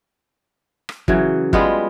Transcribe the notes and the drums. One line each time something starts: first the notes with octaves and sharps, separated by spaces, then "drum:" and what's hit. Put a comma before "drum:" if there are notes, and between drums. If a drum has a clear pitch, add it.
drum: rim click
C#3 E3 F#3, drum: kick
G3 G#3 B3 F4, drum: kick